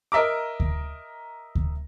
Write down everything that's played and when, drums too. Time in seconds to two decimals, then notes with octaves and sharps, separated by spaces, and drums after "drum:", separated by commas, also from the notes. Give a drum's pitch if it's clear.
0.12 A#4 D#5 E5 A#5 D6
0.60 drum: kick D2
1.55 drum: kick D2